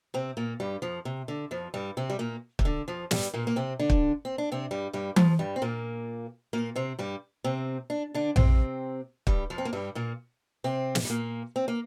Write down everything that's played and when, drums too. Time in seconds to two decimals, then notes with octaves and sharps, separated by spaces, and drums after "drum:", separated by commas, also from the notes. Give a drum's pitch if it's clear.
0.14 C3 C4
0.37 A#2 A#3
0.60 G2 G3
0.82 F2 F3
1.05 C3
1.28 D3
1.51 F2 F3
1.74 G2 G3
1.97 C3 C4
2.10 G3
2.19 A#2 A#3
2.59 C3, drum: kick
2.65 D3
2.88 F2 F3
3.11 G2 G3, drum: snare
3.34 A#2 A#3
3.47 A#3
3.56 C3 C4
3.79 D3 D4
3.90 drum: kick
4.25 C4
4.38 D4
4.52 C3 C4
4.71 G2 G3
4.93 G2 G3
5.16 F2 F3, drum: tom E3
5.39 G2 G3
5.56 C4
5.62 A#2 A#3
6.53 A#2 A#3
6.76 C3 C4
6.99 G2 G3
7.44 C3 C4
7.90 D4
8.14 D3 D4
8.36 C3 C4, drum: tom A#1
9.27 G2 G3, drum: kick
9.50 F2 F3
9.58 C4
9.65 A#3
9.73 G2 G3
9.95 A#2 A#3
10.64 C3 C4
10.95 drum: snare
11.05 G3
11.10 A#2 A#3
11.56 C4
11.68 A#3